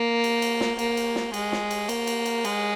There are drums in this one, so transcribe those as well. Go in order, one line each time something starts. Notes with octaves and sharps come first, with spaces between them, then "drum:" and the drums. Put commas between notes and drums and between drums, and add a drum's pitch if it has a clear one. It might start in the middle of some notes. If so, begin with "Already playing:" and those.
Already playing: A#3
drum: cymbal
drum: cymbal
drum: snare
A#3, drum: cymbal
drum: cymbal
drum: snare
G#3, drum: cymbal
drum: snare
drum: cymbal
A#3, drum: cymbal
drum: cymbal
drum: cymbal
G#3, drum: cymbal